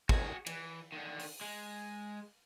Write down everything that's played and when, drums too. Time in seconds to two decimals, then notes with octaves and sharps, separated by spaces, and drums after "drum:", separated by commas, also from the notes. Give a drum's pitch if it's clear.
0.09 F#4 G#4, drum: kick
0.47 E3, drum: cymbal
0.92 D3 D#3
1.20 drum: open hi-hat
1.41 G#3